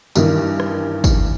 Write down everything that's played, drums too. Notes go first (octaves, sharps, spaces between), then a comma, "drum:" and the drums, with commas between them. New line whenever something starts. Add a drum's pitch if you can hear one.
G2 D#3 E3, drum: tambourine
drum: rim click
drum: kick, tambourine